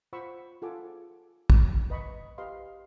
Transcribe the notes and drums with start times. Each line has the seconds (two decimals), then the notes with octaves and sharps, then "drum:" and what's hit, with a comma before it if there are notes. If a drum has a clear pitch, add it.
0.13 F4 C5 F#5 B5 C#6 E6
0.62 F4 G#4 A4 F#5 G#5 D6
1.50 drum: kick
1.90 B4 D#5 B5 C#6
2.38 G4 B4 D#5 F5 C6